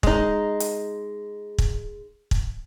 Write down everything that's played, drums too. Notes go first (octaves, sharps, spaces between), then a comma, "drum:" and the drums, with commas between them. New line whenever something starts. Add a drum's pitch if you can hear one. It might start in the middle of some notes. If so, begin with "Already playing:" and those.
G#3 D#4, drum: kick
drum: hi-hat
drum: kick
drum: kick